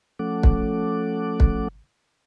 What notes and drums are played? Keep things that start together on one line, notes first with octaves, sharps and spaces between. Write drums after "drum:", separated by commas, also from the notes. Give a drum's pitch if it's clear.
F3 A3 C#4 A4 F#5 D6
drum: kick
drum: kick